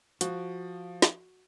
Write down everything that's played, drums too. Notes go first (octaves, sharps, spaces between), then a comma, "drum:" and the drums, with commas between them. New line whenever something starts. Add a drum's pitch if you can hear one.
F3 F#4, drum: hi-hat
drum: snare